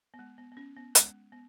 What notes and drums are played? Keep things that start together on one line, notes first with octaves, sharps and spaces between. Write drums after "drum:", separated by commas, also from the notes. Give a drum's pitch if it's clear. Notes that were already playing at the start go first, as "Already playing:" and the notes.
B3
G#3
B3
B3
C#4
B3
G#3, drum: hi-hat
B3